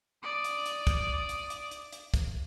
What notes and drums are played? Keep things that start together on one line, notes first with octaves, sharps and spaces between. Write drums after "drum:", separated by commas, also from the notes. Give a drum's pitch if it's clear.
D5 D#6
drum: hi-hat
drum: hi-hat
drum: kick, hi-hat
drum: hi-hat
drum: hi-hat
drum: hi-hat
drum: hi-hat
drum: kick, hi-hat